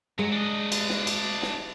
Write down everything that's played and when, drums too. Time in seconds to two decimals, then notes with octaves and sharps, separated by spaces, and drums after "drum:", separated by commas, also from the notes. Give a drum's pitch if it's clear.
0.19 F#3 G#3
0.32 D4 D#5
0.72 drum: cymbal
0.89 drum: snare
1.07 drum: cymbal
1.42 drum: snare